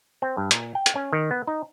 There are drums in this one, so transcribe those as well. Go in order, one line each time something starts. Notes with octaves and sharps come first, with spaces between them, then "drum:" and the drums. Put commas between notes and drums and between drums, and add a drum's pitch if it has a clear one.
C4
G2
A#2, drum: hi-hat
G5
drum: hi-hat
C#4
D#3
B3
D#4